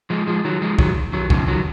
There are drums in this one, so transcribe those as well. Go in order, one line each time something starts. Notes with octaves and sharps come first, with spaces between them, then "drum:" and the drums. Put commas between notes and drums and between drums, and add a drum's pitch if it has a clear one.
F3 G#3
F3 G#3
D#3 F#3
F3 G#3
D#3 F#3, drum: kick B1
D#3 F#3
C#3 F3, drum: kick B1
D#3 F#3